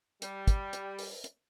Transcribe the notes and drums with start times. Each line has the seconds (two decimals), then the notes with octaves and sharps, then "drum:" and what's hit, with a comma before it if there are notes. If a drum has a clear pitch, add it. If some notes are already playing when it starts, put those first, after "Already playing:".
0.22 G3, drum: hi-hat
0.47 drum: kick, hi-hat
0.73 drum: hi-hat
0.99 drum: open hi-hat
1.24 drum: hi-hat